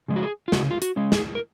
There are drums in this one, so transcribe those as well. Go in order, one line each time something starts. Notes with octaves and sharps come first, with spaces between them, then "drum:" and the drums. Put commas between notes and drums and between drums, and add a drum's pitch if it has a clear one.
C#3 F3 G#3
F#4
G#4
F4
C#3 F#4, drum: snare
F4
F#4, drum: hi-hat
G#3 C#4
G#4, drum: snare
A#4